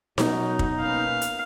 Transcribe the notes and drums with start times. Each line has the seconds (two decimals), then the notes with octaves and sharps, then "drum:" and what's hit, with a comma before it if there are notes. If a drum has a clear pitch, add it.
0.18 B2 F#3 C#4 D#4 F#4, drum: snare D#4
0.59 drum: kick
0.81 A#3 C#4 B4 F5
1.21 drum: hi-hat